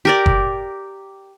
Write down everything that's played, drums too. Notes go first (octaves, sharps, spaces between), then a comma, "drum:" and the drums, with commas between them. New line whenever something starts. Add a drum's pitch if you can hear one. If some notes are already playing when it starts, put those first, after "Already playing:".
G4 A#4 D5
drum: kick F#1